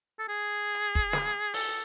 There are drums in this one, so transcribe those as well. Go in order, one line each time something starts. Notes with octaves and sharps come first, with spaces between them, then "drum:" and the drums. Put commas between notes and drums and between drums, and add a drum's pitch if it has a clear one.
A4
G#4
drum: hi-hat
drum: kick
drum: snare
A4, drum: open hi-hat